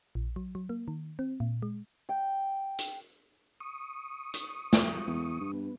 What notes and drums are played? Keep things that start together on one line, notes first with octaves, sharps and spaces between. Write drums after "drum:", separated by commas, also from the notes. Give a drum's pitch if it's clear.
A#1
F#3
F#3
A#3
D#3
C4
A#2
G#3
G5
drum: hi-hat
C#6 D#6
drum: hi-hat
drum: snare
E2
G2
B3